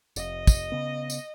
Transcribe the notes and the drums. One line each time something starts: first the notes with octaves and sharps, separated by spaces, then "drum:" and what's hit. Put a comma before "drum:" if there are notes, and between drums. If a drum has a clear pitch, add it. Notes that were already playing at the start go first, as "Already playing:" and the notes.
F1 D#5, drum: tambourine
drum: kick, tambourine
C#3 B3
drum: tambourine